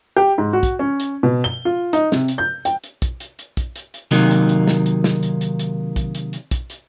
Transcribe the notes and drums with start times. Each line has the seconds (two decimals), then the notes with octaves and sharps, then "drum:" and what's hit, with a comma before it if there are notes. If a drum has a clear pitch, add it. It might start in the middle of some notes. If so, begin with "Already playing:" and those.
0.16 G4
0.38 G#2
0.53 F#4
0.63 drum: kick, hi-hat
0.79 C#4
1.00 drum: hi-hat
1.23 B2
1.44 G7
1.65 F4
1.93 D#4, drum: hi-hat
2.12 C3, drum: snare
2.28 drum: hi-hat
2.38 G6
2.65 G5, drum: hi-hat
2.84 drum: hi-hat
3.02 drum: kick, hi-hat
3.20 drum: hi-hat
3.39 drum: hi-hat
3.57 drum: kick, hi-hat
3.76 drum: hi-hat
3.94 drum: hi-hat
4.11 C3 D#3 F#3 A#3 D#4, drum: hi-hat
4.31 drum: hi-hat
4.49 drum: hi-hat
4.68 drum: snare
4.86 drum: hi-hat
5.04 drum: snare
5.23 drum: hi-hat
5.41 drum: hi-hat
5.59 drum: hi-hat
5.96 drum: kick, hi-hat
6.15 drum: hi-hat
6.33 drum: hi-hat
6.51 drum: kick, hi-hat
6.70 drum: hi-hat